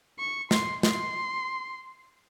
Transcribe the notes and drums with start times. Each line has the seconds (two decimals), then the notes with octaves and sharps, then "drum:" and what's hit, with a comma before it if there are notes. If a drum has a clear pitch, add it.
0.19 C#6
0.51 C6, drum: snare
0.83 C6, drum: snare